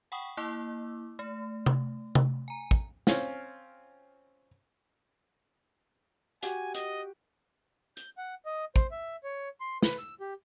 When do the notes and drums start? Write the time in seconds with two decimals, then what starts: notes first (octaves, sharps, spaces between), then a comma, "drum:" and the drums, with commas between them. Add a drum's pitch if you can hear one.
0.12 F#5 G5 B5 C#6 D#6
0.37 A#3 E4 D6 E6
1.19 A3
1.66 drum: tom
2.15 drum: tom
2.48 G#5 A#5
2.71 drum: kick
3.07 C4 C#4 F4, drum: snare
6.43 F#4 G4 G#5, drum: hi-hat
6.74 D#5, drum: hi-hat
7.97 G6, drum: hi-hat
8.18 F#5
8.45 D#5
8.76 C5, drum: kick
8.91 E5
9.24 C#5
9.60 C6
9.82 B4, drum: snare
9.98 E6
10.20 G4